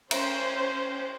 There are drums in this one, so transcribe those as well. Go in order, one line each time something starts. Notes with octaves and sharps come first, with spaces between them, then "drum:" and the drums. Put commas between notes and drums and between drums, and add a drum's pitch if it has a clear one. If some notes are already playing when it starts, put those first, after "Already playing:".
C#4 C5, drum: cymbal